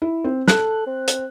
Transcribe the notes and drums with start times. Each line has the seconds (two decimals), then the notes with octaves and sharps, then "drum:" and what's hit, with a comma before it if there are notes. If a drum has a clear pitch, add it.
0.02 E4
0.25 C4
0.48 A4 F#6, drum: snare
0.87 C4
1.08 drum: hi-hat